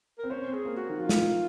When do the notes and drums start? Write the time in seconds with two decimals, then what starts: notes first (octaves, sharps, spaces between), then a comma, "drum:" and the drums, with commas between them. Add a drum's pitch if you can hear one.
0.19 A#4
0.24 C4
0.30 C#4 C5
0.48 C4
0.53 G#4
0.65 A#3
0.76 F#4
0.90 D#3
0.99 F3 F4
1.09 drum: snare